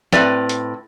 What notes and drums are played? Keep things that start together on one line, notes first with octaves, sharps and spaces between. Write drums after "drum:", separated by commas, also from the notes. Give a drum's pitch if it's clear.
A2 C4 B4 D5, drum: snare
drum: hi-hat